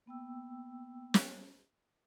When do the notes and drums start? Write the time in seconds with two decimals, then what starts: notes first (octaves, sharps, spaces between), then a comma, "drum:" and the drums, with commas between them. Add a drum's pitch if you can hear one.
0.06 A#3 B3 G5 E6
1.14 drum: snare